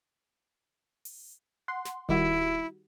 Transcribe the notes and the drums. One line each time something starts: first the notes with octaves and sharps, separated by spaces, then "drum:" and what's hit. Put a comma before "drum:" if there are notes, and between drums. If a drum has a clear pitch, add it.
drum: open hi-hat
F#5 C6
drum: snare
D#3 G3 E4 F#4, drum: kick D1